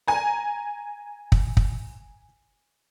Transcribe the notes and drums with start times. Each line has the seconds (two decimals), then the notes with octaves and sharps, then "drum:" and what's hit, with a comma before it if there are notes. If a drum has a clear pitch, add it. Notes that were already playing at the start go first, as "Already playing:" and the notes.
0.08 G#5 A#5
1.32 drum: kick
1.57 drum: kick